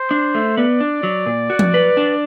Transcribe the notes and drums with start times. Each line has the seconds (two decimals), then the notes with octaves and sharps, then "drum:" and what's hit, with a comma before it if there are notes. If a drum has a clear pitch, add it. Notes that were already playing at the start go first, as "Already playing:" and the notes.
Already playing: C5
0.11 D4
0.35 A3
0.57 B3 D5
0.80 D4
1.03 F#3
1.26 A#2
1.50 F#4
1.59 drum: tom F3
1.74 B4
1.97 D4